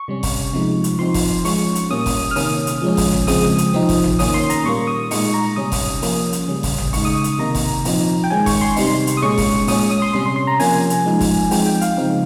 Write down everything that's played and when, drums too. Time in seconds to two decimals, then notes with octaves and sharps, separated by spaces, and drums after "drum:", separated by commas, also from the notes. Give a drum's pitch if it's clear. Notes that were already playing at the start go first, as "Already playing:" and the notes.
Already playing: C#6
0.08 C3 G3 C#4
0.23 drum: kick F#1, open hi-hat
0.53 C3 F3 G#3 D#4
0.84 drum: hi-hat
0.99 F3 C4 D#4 C6
1.14 drum: kick F#1, open hi-hat
1.45 F3 G#3 C#4 C#6, drum: open hi-hat
1.75 drum: hi-hat
1.91 A#2 G3 A#3 C#4 D#6
2.06 drum: kick F#1, open hi-hat
2.31 F6
2.36 C3 D#3 A#3 C#4 D#6, drum: open hi-hat
2.67 drum: hi-hat
2.82 F3 G#3 C#4
2.97 drum: kick F#1, open hi-hat
3.13 drum: tom G#1
3.27 C#3 F3 G#3 C4 D#6, drum: open hi-hat
3.58 drum: hi-hat
3.73 C3 F3 C4 D#4
3.89 drum: kick F#1, open hi-hat
4.04 drum: tom G#1
4.19 D#3 A#3 C#4 D#6, drum: open hi-hat
4.34 C6
4.50 A#5, drum: hi-hat
4.65 A#2 G3 A#3 C#6
4.87 D#6
5.11 A#2 G#3 D#4 C#6, drum: open hi-hat
5.34 A#5
5.56 C3 G3 C#4 D#6
5.72 drum: kick F#1, open hi-hat
6.02 F3 A#3 C#4, drum: open hi-hat
6.33 drum: hi-hat
6.48 C#3 G3 C#4
6.63 drum: kick F#1, open hi-hat
6.78 drum: tom G#1
6.93 C#3 G#3 D#4 C#6, drum: open hi-hat
7.05 D#6
7.24 drum: hi-hat
7.39 C3 D#3 A#3 D#4 A#5
7.55 drum: kick F#1, open hi-hat
7.85 A#2 F3 C4 D#4, drum: open hi-hat
8.24 G5
8.30 D#3 G#3 C#4 G#5
8.46 C#6, drum: kick F#1, open hi-hat
8.61 C6
8.76 C3 G3 C4 D#4 C6, drum: open hi-hat
9.07 drum: hi-hat
9.17 D#6
9.22 A#2 G#3 C#4 C#6
9.38 drum: kick F#1, open hi-hat
9.67 A#2 G#3 C#4 D#6, drum: open hi-hat
9.80 D#6
9.91 D#6
10.02 C6
10.14 C3 G3 C#4 C6
10.26 C6
10.36 C6
10.47 A#5
10.60 C3 F3 A#3 C#4 G#5, drum: open hi-hat
10.90 drum: hi-hat
11.05 F3 G#3 D#4
11.20 drum: kick F#1, open hi-hat
11.51 F3 G#3 C4 D#4 G5, drum: open hi-hat
11.66 G5
11.82 F5, drum: hi-hat
11.97 C#3 F3 G#3 C4 D#4